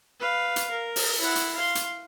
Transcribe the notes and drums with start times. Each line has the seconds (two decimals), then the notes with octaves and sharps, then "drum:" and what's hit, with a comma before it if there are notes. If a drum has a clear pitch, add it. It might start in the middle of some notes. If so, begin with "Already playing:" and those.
0.20 B4 F5
0.56 drum: hi-hat
0.71 A#4
0.96 drum: open hi-hat
1.20 E4 F#5
1.36 drum: hi-hat
1.55 F5 C6
1.75 drum: hi-hat